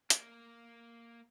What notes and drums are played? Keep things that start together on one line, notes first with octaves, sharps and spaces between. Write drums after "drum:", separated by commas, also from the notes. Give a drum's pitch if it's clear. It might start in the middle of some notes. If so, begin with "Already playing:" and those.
A#3, drum: hi-hat